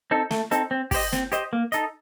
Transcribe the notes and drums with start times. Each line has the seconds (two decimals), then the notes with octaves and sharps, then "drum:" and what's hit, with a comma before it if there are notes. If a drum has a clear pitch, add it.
0.11 C4 D#4 A4
0.31 A3, drum: snare
0.51 C4 D#4 A4, drum: hi-hat
0.71 C4
0.91 G4 C5 D#5, drum: kick, open hi-hat
1.13 C4, drum: snare
1.32 G4 C5 D#5, drum: hi-hat
1.53 A#3
1.72 D#4 A4 D#5, drum: hi-hat